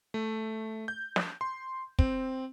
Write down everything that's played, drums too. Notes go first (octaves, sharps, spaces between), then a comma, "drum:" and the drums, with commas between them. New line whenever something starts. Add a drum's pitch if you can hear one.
A3
G6
drum: snare
C6
C4, drum: kick